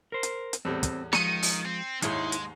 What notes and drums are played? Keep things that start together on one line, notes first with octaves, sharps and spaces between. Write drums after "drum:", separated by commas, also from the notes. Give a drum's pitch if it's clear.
A#4 C5
drum: hi-hat
drum: hi-hat
E2 A2 G3 C4
drum: kick, hi-hat
D#3 F3 G#3 C#7 D#7, drum: snare
drum: open hi-hat
C4
D#2 G#2 G#3 D#4 E4 C#5 C6, drum: hi-hat
drum: hi-hat